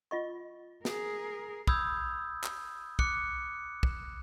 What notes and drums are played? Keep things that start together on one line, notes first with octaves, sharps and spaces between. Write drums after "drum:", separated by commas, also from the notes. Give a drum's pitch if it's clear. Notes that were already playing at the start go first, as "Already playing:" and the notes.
F4 D#5 C#6
G#4 A#4, drum: snare
B5 D#6 E6 G6 G#6, drum: kick
drum: clap
D6 F#6 C#7, drum: kick
drum: kick